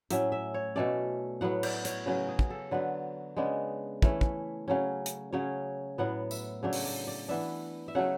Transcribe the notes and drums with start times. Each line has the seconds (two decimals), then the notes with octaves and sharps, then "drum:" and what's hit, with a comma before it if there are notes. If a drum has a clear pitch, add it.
0.11 A2 F#3 C#4 E5, drum: hi-hat
0.32 E5
0.54 C#5
0.76 B2 A3 C#4 D5
1.41 A2 F#3 B3 F#5
1.63 D5, drum: cymbal
1.85 C#5, drum: hi-hat
2.06 C#3 F#3 C#4 B4
2.28 G#4
2.39 drum: kick
2.50 A4
2.71 D3 F#3 B3 B4
3.37 C#3 G#3 B3 D4
4.02 E3 A3 C#4, drum: kick
4.21 drum: kick
4.68 C#3 F#3 C#4
5.06 drum: hi-hat
5.33 C#3 F#3 C#4 C#5
5.98 A2 F#3 B3 F#5
6.31 E5, drum: tambourine
6.63 C#3 F#3 A3 D4 C#5
6.73 drum: open hi-hat
6.85 D5
7.07 D5
7.28 E3 B3 D4 E5
7.88 E5
7.95 C#3 F#3 A3 F#5